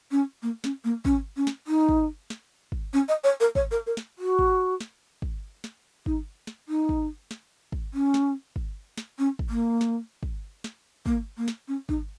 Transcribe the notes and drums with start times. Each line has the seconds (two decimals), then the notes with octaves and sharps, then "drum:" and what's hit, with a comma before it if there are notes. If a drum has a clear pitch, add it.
0.11 C#4
0.43 A#3
0.64 C#4, drum: snare
0.84 A#3
1.05 C#4, drum: kick
1.37 C#4
1.47 drum: snare
1.67 D#4
1.89 drum: kick
2.30 drum: snare
2.72 drum: kick
2.93 C#4
3.08 D#5
3.24 C#5
3.40 A#4
3.55 C#5, drum: kick
3.71 A#4
3.87 A#4
3.97 drum: snare
4.18 F#4
4.39 drum: kick
4.81 drum: snare
5.22 drum: kick
5.64 drum: snare
6.06 D#4, drum: kick
6.47 drum: snare
6.68 D#4
6.89 drum: kick
7.31 drum: snare
7.72 drum: kick
7.94 C#4
8.14 drum: snare
8.56 drum: kick
8.98 drum: snare
9.19 C#4
9.39 drum: kick
9.49 A#3
9.81 drum: snare
10.23 drum: kick
10.64 drum: snare
11.06 A#3, drum: kick
11.37 A#3
11.48 drum: snare
11.68 C#4
11.89 D#4, drum: kick